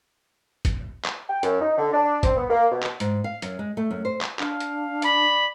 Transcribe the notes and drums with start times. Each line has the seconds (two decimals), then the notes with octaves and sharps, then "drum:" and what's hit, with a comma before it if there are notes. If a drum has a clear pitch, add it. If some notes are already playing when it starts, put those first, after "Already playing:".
0.65 drum: kick, hi-hat
1.04 drum: clap
1.28 G5
1.43 F#2, drum: hi-hat
1.60 D#4
1.77 D3
1.93 D4
2.23 C4, drum: kick, hi-hat
2.36 B3
2.48 A#3
2.71 B2
2.82 drum: clap
3.00 G#2, drum: hi-hat
3.24 F5
3.42 F#2, drum: hi-hat
3.59 G#3
3.77 A3
3.91 F#2
4.05 C5
4.21 drum: clap
4.39 D4 F5, drum: clap
4.60 drum: hi-hat
5.02 D5 B5, drum: hi-hat